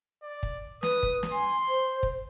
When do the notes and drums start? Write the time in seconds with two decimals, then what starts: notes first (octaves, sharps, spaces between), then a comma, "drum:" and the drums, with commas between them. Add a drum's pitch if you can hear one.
0.23 D5
0.43 drum: kick
0.83 B4 D#6, drum: snare
1.03 drum: kick
1.23 drum: snare
1.32 G#5 C6
1.68 C5
2.03 drum: kick